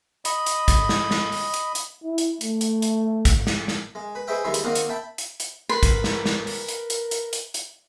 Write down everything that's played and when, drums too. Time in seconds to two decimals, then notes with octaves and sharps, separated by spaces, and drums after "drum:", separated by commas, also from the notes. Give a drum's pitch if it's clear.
0.25 D#5 B5, drum: hi-hat
0.46 drum: hi-hat
0.68 drum: kick, hi-hat
0.89 drum: snare
1.11 drum: snare
1.32 drum: open hi-hat
1.54 drum: hi-hat
1.75 drum: hi-hat
2.04 E4
2.18 drum: hi-hat
2.41 A3, drum: hi-hat
2.61 drum: hi-hat
2.82 drum: hi-hat
3.25 drum: kick, hi-hat
3.47 drum: snare
3.68 drum: snare
3.95 G#3
4.15 B4
4.27 G#4 B4 C5 D#5 E5 G5
4.44 D#2 G3 G#3 E5 C6
4.54 drum: hi-hat
4.63 D#3 A#3 C4 D#5 F#5 D#6
4.75 drum: hi-hat
4.89 E5 G5 A5 B5
5.18 drum: hi-hat
5.40 drum: hi-hat
5.69 A#4 B4 C6
5.83 drum: kick, hi-hat
6.04 drum: snare
6.26 drum: snare
6.47 drum: open hi-hat
6.68 drum: hi-hat
6.90 drum: hi-hat
7.11 drum: hi-hat
7.33 drum: hi-hat
7.54 drum: hi-hat